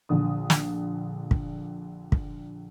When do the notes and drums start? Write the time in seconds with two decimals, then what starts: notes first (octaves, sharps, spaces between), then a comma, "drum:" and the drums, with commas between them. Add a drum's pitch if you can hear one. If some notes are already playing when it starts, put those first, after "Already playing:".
0.09 A#1 D3 D#6
0.50 drum: snare
1.31 drum: kick
2.12 drum: kick